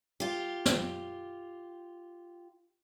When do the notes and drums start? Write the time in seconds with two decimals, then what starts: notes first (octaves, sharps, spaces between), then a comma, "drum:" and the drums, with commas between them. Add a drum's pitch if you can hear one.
0.20 F4 G4
0.66 drum: snare